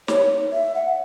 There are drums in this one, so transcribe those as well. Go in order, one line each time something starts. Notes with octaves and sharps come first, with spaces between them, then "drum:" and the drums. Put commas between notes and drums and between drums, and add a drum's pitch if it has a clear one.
C#5, drum: snare
E5
F#5